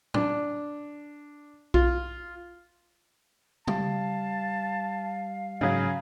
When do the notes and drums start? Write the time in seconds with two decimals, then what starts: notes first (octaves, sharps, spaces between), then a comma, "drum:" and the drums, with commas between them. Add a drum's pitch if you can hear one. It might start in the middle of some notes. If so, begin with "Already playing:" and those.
0.14 D4, drum: tom
1.74 F4, drum: kick B1
3.68 G3 F5 A5, drum: tom
5.61 G#2 C#3 F#3 G#4